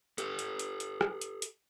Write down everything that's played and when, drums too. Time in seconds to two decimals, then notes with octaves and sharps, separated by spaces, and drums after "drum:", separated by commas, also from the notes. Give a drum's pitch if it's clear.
0.18 G4 A4, drum: hi-hat
0.39 drum: hi-hat
0.59 drum: hi-hat
0.80 drum: hi-hat
1.01 drum: rim click
1.22 drum: hi-hat
1.42 drum: hi-hat